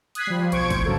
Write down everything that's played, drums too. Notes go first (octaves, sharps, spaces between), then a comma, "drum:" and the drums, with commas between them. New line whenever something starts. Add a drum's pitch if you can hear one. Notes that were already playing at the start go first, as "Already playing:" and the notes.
D#6 F#6 G#6 B6 C7, drum: hi-hat
F3 G3
B1 F3 C5 C#6 G#6 D7, drum: hi-hat
drum: kick, hi-hat
G2 C#3 F#3 A#3 A4